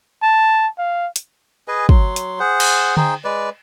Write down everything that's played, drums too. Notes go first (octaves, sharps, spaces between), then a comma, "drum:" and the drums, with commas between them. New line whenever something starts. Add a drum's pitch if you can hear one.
A5
F5
drum: hi-hat
G#4 B4 D#5 G#5
F#3 C6, drum: kick
drum: hi-hat
G#4 C5 F#5
drum: cymbal
D#4 G#4 C5 G5, drum: tom D3
G#3 B4 D5